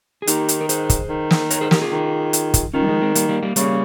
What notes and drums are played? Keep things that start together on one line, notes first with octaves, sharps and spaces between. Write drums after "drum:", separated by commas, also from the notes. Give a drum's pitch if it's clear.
G#4
D#3 D#4 G4, drum: hi-hat
drum: hi-hat
A#4
G#4 C5, drum: hi-hat
drum: kick, hi-hat
D#3
drum: snare
A#4 C#5, drum: hi-hat
G#4 C5
G4 A#4, drum: snare
F4 G#4
D#3
drum: hi-hat
drum: kick, hi-hat
D#3 C#4 F4
G3
F3 G#3
G#3 C4
G3 A#3, drum: hi-hat
G3 A#3
G3 A#3
C#3 G3 A#3, drum: hi-hat